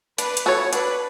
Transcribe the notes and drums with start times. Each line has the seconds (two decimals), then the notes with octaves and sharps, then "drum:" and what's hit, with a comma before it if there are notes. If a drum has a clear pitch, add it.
0.18 D4 B4, drum: hi-hat
0.37 drum: hi-hat
0.46 F#4 A4 C#5
0.73 D4 B4, drum: hi-hat